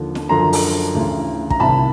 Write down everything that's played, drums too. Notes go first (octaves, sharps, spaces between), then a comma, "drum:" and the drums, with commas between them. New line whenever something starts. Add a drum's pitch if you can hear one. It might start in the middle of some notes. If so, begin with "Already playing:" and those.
Already playing: D#2 D3 F3
drum: snare
F#2 D3 F3 A#5 C6
drum: open hi-hat
D2 C#3 E3
A#5, drum: kick
C2 C3 D#3 A5 B5